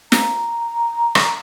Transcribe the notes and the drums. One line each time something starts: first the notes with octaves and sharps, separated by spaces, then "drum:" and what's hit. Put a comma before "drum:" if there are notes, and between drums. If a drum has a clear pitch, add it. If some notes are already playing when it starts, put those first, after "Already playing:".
A#5, drum: snare
drum: rim click